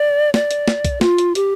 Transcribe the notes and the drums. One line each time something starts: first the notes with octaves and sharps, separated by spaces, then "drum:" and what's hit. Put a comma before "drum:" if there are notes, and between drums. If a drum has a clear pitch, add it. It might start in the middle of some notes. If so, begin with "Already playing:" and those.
Already playing: D5
D5, drum: snare
drum: hi-hat
drum: snare
drum: kick B1, hi-hat
F4, drum: snare
drum: hi-hat
G4, drum: hi-hat